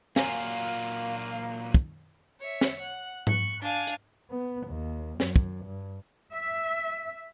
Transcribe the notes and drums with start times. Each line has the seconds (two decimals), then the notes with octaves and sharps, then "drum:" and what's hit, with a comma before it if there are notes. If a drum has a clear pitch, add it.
0.16 A#2 F#3 A#3 F4 F5 F#5 G#5 A#5, drum: snare
1.74 drum: kick
2.40 C#5 E5
2.61 drum: snare
2.80 F#5
3.27 C#6 F#6, drum: tom G#2
3.61 D4 F5 G#5
3.87 drum: hi-hat
4.31 B3
4.67 D#2
5.20 F#2, drum: snare
5.36 drum: kick
5.65 G2
6.32 E5